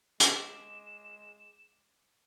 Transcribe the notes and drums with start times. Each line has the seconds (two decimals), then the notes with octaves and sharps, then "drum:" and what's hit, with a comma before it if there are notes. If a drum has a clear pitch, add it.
0.20 G#3 D6 E7, drum: hi-hat